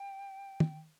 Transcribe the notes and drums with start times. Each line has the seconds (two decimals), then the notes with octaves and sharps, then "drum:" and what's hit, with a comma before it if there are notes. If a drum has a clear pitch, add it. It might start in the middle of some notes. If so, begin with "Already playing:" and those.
Already playing: G5
0.60 drum: tom